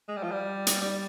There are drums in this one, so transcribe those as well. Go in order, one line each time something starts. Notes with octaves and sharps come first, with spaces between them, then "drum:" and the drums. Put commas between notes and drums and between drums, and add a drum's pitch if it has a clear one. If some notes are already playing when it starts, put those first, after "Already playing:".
G#3
G3
F3
G3
drum: hi-hat
G3